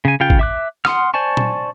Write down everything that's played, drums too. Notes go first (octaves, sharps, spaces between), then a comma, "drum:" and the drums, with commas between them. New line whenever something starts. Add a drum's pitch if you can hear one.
C#3 G#5
C#3 F4 G5
drum: kick
E5 D6 F#6
F#5 C6 D#6 F6, drum: rim click
C5 D5 G#5 A5 C#6
drum: tom